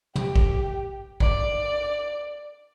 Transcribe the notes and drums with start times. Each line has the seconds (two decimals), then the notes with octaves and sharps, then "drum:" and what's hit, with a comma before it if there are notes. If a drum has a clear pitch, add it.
0.15 G4, drum: tom
0.36 drum: kick
1.20 D5, drum: kick